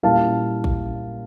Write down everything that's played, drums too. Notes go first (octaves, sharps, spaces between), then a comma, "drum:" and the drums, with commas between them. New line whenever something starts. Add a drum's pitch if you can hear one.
A#2 G3 A#3 E4 F5 A5
drum: kick